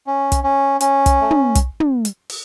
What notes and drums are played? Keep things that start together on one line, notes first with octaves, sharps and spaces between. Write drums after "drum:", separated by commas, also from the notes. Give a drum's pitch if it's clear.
C#4
drum: kick, hi-hat
C#4
C#4, drum: hi-hat
drum: kick, hi-hat
A3
drum: tom
drum: kick, hi-hat
drum: tom
drum: hi-hat
drum: open hi-hat